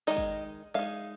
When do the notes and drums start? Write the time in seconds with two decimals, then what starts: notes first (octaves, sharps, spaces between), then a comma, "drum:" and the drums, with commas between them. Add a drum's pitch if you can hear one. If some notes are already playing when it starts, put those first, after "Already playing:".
0.07 D#3 G#3 D#4 D#5
0.17 drum: kick
0.74 G#3 D#4 F5